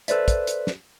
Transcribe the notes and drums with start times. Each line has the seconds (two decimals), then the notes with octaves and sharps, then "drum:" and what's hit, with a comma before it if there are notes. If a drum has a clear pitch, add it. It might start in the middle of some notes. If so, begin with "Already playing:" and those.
0.08 A4 B4 C5 D5 E5, drum: hi-hat
0.28 drum: kick, hi-hat
0.47 drum: hi-hat
0.67 drum: snare